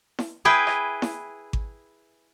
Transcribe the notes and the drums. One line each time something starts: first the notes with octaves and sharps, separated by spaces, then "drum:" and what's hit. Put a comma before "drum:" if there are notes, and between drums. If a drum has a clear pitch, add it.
drum: snare E4
E4 G#4 B4 G5
drum: rim click
drum: snare E4
drum: kick G#1